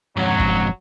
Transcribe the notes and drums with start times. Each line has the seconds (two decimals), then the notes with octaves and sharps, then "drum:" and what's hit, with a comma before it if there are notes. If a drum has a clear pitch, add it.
0.17 F2 G#2 F#3
0.40 drum: kick